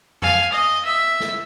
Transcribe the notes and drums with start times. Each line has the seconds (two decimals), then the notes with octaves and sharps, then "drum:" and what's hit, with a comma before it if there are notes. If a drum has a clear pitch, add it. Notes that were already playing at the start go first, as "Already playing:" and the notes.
0.22 F5 G#5, drum: tom F2
0.52 D#5
0.85 E5
1.20 drum: snare